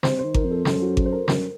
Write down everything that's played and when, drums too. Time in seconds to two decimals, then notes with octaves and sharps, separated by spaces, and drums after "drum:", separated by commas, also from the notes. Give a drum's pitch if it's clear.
0.03 C3 C5, drum: snare
0.19 C5
0.24 D#3
0.34 A#4, drum: kick G#1
0.44 F2
0.50 A4
0.65 F#2 A4, drum: snare
0.81 F#4
0.97 A4, drum: kick G#1
1.06 C5
1.12 A#4
1.28 F#2 A#4, drum: snare